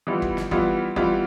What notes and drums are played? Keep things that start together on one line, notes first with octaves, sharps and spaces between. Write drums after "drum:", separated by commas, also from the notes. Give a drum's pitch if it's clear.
E3 G3 B3 F4
drum: kick
drum: snare
E3 G3 B3 F4, drum: kick
E3 G3 B3 F4, drum: kick